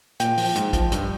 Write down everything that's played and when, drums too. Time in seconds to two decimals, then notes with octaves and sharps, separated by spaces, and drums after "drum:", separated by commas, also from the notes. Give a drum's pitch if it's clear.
0.20 A#2 G5, drum: hi-hat
0.37 F3, drum: open hi-hat
0.55 G#2, drum: hi-hat
0.73 F3, drum: kick, hi-hat
0.92 G2, drum: hi-hat